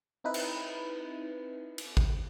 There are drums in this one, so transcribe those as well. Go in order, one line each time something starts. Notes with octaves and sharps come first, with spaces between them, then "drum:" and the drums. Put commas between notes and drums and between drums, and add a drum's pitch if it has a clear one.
C4 D#4 E4 B4
drum: cymbal
drum: cymbal
drum: kick G#1